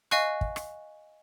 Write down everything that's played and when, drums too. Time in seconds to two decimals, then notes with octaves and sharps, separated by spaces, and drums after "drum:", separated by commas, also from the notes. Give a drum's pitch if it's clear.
0.11 D#5 F5 G#5 C#6 F#6, drum: rim click
0.41 drum: kick
0.56 drum: rim click